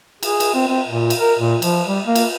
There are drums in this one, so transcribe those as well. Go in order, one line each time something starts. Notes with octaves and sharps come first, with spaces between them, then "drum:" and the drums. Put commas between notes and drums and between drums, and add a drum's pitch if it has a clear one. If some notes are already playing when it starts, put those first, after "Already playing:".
G#4, drum: cymbal
drum: cymbal
C4
C4
A#2
drum: cymbal
A#4
A#2
F3, drum: cymbal
G3
A#3
drum: cymbal